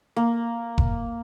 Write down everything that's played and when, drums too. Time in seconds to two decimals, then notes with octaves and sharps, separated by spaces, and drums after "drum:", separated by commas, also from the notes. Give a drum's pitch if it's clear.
0.16 A#3
0.78 drum: kick F1